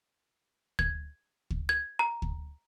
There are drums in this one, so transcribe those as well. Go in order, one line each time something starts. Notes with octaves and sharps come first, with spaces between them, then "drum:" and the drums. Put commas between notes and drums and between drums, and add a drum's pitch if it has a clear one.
G#6, drum: kick D2
drum: kick D2
G#6
A#5
drum: kick D2